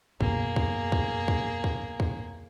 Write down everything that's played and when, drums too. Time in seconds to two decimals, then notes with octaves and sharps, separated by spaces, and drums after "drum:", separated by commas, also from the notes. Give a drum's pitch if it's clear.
0.21 F#2 B2 A#3 G#4, drum: kick
0.56 drum: kick
0.92 drum: kick
1.28 drum: kick
1.64 drum: kick
2.00 drum: kick